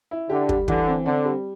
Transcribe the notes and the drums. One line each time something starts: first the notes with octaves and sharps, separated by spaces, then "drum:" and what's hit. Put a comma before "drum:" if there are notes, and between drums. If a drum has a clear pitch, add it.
E4
D3 G4
G3, drum: kick
D3 E3, drum: kick
C4
D3 C4
G3